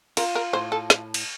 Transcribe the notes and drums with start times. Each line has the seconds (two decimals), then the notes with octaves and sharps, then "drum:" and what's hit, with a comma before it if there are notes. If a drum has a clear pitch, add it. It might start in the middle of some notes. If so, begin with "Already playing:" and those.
0.17 F4 A#4, drum: cymbal
0.35 A#4
0.53 A2 C5
0.72 A4
0.90 drum: snare
1.14 drum: cymbal